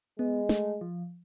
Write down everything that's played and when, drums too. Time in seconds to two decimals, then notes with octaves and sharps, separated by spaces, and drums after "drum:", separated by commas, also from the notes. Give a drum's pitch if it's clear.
0.19 G#3 B3
0.49 A3, drum: snare
0.81 F3